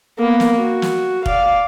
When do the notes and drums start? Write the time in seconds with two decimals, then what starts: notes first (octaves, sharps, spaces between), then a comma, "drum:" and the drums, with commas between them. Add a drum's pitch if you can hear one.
0.19 A#3 B3
0.40 drum: snare
0.56 F#4
0.82 drum: snare
1.26 D5 F5, drum: kick F1